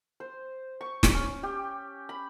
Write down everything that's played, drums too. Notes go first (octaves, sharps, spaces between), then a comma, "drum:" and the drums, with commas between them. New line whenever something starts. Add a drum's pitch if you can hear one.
C5
C#6
drum: snare
C#4
G4
B5